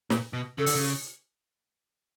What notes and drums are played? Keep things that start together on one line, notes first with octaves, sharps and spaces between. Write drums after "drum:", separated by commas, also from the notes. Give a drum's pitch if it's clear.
A#2, drum: snare
B2
C#3 A4
D3, drum: open hi-hat
C#3